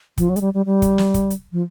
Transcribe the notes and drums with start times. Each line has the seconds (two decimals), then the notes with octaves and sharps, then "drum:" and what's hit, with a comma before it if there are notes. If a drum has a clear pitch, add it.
0.18 F3, drum: kick, hi-hat
0.29 F#3
0.36 G#3, drum: hi-hat
0.41 G3
0.54 G3
0.66 G3
0.82 drum: kick, hi-hat
0.98 drum: snare
1.14 drum: kick, hi-hat
1.30 drum: hi-hat
1.52 F3